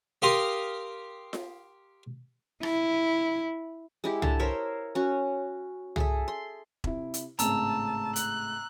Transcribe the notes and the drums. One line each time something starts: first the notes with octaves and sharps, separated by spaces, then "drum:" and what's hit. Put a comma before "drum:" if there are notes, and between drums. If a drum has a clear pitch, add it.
G4 A#4 F5 C6 D#6
drum: snare F4
E4, drum: rim click
G#3 E4 G4
D3 A5, drum: tom C2
A#4 C5 C#5 E5
C#4 F#4
G#4 A4 E5, drum: tom C2
C6
C3 E4, drum: kick E1
drum: hi-hat
G#1 A2 C#3 A5 A#5 E6, drum: hi-hat
F#6, drum: hi-hat